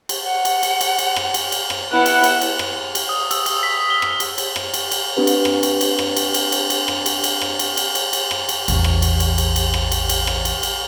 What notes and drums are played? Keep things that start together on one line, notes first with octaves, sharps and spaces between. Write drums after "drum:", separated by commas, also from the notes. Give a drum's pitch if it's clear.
drum: cymbal
F#5
drum: cymbal
drum: cymbal
drum: cymbal
drum: cymbal
drum: rim click
drum: cymbal
drum: cymbal
drum: rim click
B3 E4 F#5 F#6
drum: cymbal
drum: cymbal
drum: cymbal
drum: rim click
drum: cymbal
D#6
E6, drum: cymbal
D#6, drum: cymbal
B6
G7
drum: rim click
drum: cymbal
drum: cymbal
drum: rim click
drum: cymbal
drum: cymbal
C4 D4 G4 B4
drum: cymbal
drum: rim click
drum: cymbal
drum: cymbal
drum: rim click
drum: cymbal
drum: cymbal
drum: cymbal
drum: cymbal
drum: rim click
drum: cymbal
drum: cymbal
drum: rim click
drum: cymbal
drum: cymbal
drum: cymbal
drum: cymbal
drum: rim click
drum: cymbal
A1 E2, drum: cymbal
drum: rim click
drum: cymbal
drum: cymbal
drum: cymbal
drum: cymbal
drum: rim click
drum: cymbal
drum: cymbal
drum: rim click
drum: cymbal
drum: cymbal